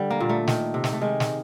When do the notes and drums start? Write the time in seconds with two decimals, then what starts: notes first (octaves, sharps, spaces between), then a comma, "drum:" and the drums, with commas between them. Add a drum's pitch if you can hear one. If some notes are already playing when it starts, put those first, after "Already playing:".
Already playing: D3 G3
0.10 A#3
0.21 A#2
0.29 A3
0.47 D#3, drum: snare
0.74 C3
0.84 drum: snare
0.93 A3
1.01 D#3 G#3
1.20 drum: snare